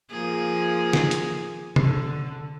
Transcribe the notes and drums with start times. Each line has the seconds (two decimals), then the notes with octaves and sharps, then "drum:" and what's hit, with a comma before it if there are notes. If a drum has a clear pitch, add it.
0.11 F3 A#3 G#4
0.93 drum: snare
1.11 drum: hi-hat
1.76 D3, drum: tom C3